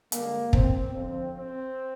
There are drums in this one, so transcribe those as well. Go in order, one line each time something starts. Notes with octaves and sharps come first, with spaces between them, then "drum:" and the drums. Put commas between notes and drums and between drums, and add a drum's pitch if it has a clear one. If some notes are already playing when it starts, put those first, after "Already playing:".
G2 D3 G#3 A#3, drum: hi-hat
C4, drum: kick
F2 D3 F3 C4
C4